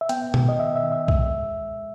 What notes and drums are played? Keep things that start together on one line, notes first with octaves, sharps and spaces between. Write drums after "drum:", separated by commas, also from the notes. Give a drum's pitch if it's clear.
E5
B3 G5, drum: hi-hat
D#3, drum: tom B2
D#5
D#3 E5
E5
D#3
E5
G#3 E5, drum: kick B1